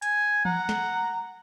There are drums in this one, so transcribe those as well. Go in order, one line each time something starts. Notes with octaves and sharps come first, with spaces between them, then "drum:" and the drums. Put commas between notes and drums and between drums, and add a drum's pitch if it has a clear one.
G#5, drum: hi-hat
F#5 A#5, drum: tom E3
drum: snare